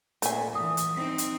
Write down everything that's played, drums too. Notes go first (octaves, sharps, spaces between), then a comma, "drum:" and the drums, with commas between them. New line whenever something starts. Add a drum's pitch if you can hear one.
A#2 A3 G#5, drum: hi-hat
E3 D#6
drum: hi-hat
C4 D#4
drum: hi-hat